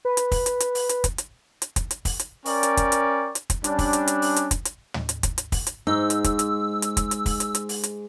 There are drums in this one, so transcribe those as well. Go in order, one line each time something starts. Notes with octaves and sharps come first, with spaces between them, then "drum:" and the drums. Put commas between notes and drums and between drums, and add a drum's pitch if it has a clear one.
B4
drum: hi-hat
drum: kick, open hi-hat
drum: hi-hat
drum: hi-hat
drum: open hi-hat
drum: hi-hat
drum: kick, hi-hat
drum: hi-hat
drum: hi-hat
drum: kick, hi-hat
drum: hi-hat
drum: kick, open hi-hat
drum: hi-hat
C#4 A#4 D5 G5 C#6, drum: open hi-hat
drum: hi-hat
drum: kick, hi-hat
drum: hi-hat
drum: hi-hat
drum: kick, hi-hat
G3 C#4 D4, drum: hi-hat
drum: kick, open hi-hat
drum: hi-hat
drum: hi-hat
drum: open hi-hat
drum: hi-hat
drum: kick, hi-hat
drum: hi-hat
drum: tom
drum: hi-hat
drum: kick, hi-hat
drum: hi-hat
drum: kick, open hi-hat
drum: hi-hat
G#2 D#4 E6
drum: hi-hat
drum: kick, hi-hat
drum: hi-hat
drum: hi-hat
drum: kick, hi-hat
drum: hi-hat
drum: kick, open hi-hat
drum: hi-hat
drum: hi-hat
drum: open hi-hat
drum: hi-hat